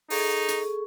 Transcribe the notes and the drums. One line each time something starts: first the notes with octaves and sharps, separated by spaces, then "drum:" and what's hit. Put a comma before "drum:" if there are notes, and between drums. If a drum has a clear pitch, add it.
D#4 G#4 A4 C#6, drum: open hi-hat
drum: hi-hat